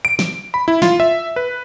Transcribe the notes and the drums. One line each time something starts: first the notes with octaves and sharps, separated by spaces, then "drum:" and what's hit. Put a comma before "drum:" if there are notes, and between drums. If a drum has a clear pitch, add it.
D7
drum: snare
B5
E4
F4, drum: snare
E5
B4